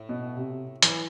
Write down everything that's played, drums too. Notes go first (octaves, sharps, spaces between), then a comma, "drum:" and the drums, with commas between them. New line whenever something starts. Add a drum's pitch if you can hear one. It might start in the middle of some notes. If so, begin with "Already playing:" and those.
Already playing: A2
B2
C3
E3, drum: hi-hat